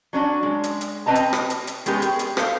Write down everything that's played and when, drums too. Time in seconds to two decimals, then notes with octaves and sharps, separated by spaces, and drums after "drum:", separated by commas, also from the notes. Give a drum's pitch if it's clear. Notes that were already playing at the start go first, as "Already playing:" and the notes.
0.13 F#3 C#4 D4 F#4
0.43 G#3
0.64 drum: hi-hat
0.81 drum: hi-hat
1.06 C4 B4 D#5 A5 A#5
1.15 drum: hi-hat
1.33 drum: rim click
1.50 drum: hi-hat
1.67 drum: hi-hat
1.86 G#3 B3 C#4 G4 A4 A#4, drum: hi-hat
2.02 G#4, drum: hi-hat
2.19 drum: hi-hat
2.37 G4 A4 C5 F5, drum: rim click